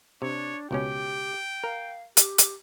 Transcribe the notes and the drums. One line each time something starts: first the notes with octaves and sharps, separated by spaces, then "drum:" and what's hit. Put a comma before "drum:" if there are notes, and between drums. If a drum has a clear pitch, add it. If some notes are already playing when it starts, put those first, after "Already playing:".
C3 D4 C#5
C#2 B2 C#4 G4 G5
A#4 F5
G4, drum: hi-hat
drum: hi-hat